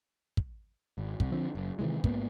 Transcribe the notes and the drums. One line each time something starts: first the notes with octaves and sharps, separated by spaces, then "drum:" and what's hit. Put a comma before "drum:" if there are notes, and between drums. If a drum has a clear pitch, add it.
drum: kick
G#1
C2, drum: kick
D3 F3 C4
F#1
C3 D#3 E3 G#3
G#2 A#3 B3, drum: kick